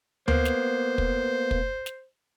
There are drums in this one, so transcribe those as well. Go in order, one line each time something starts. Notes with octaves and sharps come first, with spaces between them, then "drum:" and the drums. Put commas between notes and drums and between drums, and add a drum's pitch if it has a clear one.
A#3 B3 C5, drum: tom D2
drum: snare
drum: kick
drum: kick
drum: snare